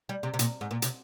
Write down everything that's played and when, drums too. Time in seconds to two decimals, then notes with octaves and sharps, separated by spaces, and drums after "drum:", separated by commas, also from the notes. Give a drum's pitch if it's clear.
0.09 G3
0.23 C3
0.34 C3
0.39 A#2, drum: hi-hat
0.61 G#2
0.71 A#2
0.82 C3, drum: hi-hat